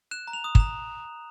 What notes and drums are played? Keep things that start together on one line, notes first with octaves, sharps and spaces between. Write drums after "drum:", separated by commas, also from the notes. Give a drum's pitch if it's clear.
F#6 E7
A#5
F7
D#6
A#5 E7, drum: kick